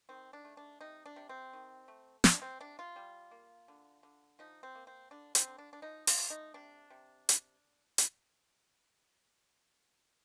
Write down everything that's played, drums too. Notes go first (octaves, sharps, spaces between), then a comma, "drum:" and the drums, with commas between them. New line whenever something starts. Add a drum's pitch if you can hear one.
D#3 C4
D4
A3
D4
C3 D#4
D4
C3
C4
D#3
A3
C3 D4, drum: snare
C4
C3 D4
F4
G3
A#3
D3
D3
F3 D#4
C4
A#3
C4
D3 D4
C4, drum: hi-hat
D3
D4
D4
F3 D#4
F4, drum: open hi-hat
A3
D#4
C3 D4
C3
drum: hi-hat
drum: hi-hat